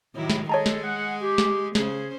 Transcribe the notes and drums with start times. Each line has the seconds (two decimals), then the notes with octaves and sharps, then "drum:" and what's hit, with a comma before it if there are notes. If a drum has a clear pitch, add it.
0.15 A2 C3 D#3 F#3 E4
0.30 drum: snare
0.49 G#3 G#4 A4 C#5 D#5 A5 A#5
0.66 drum: snare
0.84 F#5
1.21 G4
1.38 drum: snare
1.75 C#3 C#4 G#4 C5, drum: snare